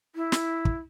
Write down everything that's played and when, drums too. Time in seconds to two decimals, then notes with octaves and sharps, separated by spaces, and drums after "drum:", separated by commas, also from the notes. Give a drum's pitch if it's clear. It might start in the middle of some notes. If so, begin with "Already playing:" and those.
0.15 E4
0.32 drum: snare
0.65 drum: kick